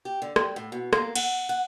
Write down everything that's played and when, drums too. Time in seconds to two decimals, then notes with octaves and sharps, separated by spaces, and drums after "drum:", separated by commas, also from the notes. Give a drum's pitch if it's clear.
0.05 G4
0.22 D3
0.36 G3, drum: rim click
0.56 A2
0.72 B2
0.93 A#3, drum: rim click
1.15 F#5, drum: cymbal
1.49 F#5